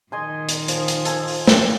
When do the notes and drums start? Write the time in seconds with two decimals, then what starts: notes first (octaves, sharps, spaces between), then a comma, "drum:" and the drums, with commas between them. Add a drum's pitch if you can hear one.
0.12 A#2 D#3 D#5 G#5 C6
0.49 drum: hi-hat
0.68 F3, drum: hi-hat
0.88 drum: hi-hat
1.05 A4 G#5, drum: hi-hat
1.28 drum: open hi-hat
1.47 drum: snare